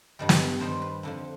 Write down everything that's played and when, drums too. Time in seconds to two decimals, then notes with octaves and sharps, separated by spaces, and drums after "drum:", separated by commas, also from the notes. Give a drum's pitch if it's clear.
0.19 G2 D#3 G3
0.29 drum: snare
0.60 G2 D#3 G3 C5
0.82 B4
1.03 F2 D3 F3